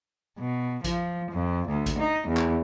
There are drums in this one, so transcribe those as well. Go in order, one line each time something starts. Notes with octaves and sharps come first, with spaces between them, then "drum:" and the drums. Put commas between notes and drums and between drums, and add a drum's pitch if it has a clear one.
B2
F3, drum: kick A1, hi-hat
F2
D2
drum: kick A1, hi-hat
D#4
E2
drum: clap